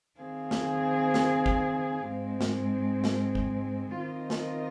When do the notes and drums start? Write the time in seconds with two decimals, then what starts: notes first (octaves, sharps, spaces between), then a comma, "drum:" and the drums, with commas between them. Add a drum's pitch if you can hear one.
0.19 D#3 C4 G#4 F5
0.51 drum: snare
1.14 drum: snare
1.46 drum: kick
2.09 G#2 G#3 C4
2.41 drum: snare
3.04 drum: snare
3.35 drum: kick
3.98 D#3 C4 F4 A#4 D#5
4.30 drum: snare